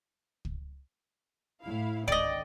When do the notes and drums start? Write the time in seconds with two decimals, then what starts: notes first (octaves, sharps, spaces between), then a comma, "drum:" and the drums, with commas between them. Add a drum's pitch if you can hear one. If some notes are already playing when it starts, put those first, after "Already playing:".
0.45 drum: kick
1.63 A2 E4 F5
2.08 G#1 D3 D5 D#5 G5, drum: kick